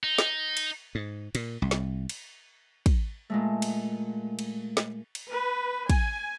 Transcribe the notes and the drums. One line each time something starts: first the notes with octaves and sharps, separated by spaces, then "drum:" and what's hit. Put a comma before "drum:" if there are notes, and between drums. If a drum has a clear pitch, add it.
D#4
drum: snare
drum: cymbal
G#2
A#2, drum: cymbal
C2
drum: snare
drum: cymbal
drum: kick, cymbal
A#2 G#3 A3
drum: cymbal
drum: cymbal
drum: snare
drum: cymbal
B4
G#5, drum: kick, cymbal